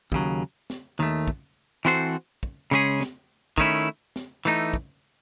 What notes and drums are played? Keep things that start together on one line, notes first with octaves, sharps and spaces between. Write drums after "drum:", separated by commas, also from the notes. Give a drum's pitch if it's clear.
D#2 C#3 F#3, drum: kick
drum: snare
D#2 D#3 A3
drum: kick
E3 C4 F#4 A4 C5, drum: snare
drum: kick
C#3 G#3 C#4 G#4
drum: snare
D#3 A3 C#4 E4, drum: kick
drum: snare
E3 A3 D#4
drum: kick